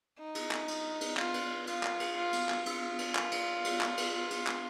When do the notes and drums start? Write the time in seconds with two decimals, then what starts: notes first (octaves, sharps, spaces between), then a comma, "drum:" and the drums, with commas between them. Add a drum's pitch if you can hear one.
0.18 D#4
0.35 drum: cymbal
0.51 drum: clap
0.68 drum: cymbal
1.01 drum: cymbal
1.17 F4, drum: clap
1.34 drum: cymbal
1.67 F4, drum: cymbal
1.83 drum: clap
2.00 drum: cymbal
2.16 F4
2.33 drum: cymbal
2.49 drum: clap
2.66 F4, drum: cymbal
2.99 drum: cymbal
3.15 drum: clap
3.32 drum: cymbal
3.65 drum: cymbal
3.81 drum: clap
3.98 drum: cymbal
4.14 F4
4.30 drum: cymbal
4.47 drum: clap